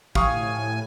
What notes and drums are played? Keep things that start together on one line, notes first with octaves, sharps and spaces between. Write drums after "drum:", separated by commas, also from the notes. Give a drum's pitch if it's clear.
A2 F3 G4 F5 G#5 C#6 D#6, drum: kick